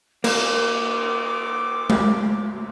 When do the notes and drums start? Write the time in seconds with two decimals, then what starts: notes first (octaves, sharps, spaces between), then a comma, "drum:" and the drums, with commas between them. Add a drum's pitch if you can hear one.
0.24 A#3 D6, drum: cymbal
1.90 drum: tom G#3